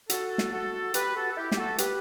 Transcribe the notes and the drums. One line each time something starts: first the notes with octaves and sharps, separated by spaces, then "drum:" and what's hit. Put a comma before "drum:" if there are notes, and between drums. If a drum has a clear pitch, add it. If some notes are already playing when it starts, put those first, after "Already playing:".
F#4 A4, drum: hi-hat
drum: snare
F#4 A4
G4 B4, drum: hi-hat
F#4 A4
A4
E4 G4
G4, drum: snare
F#4 A4
G4 B4, drum: hi-hat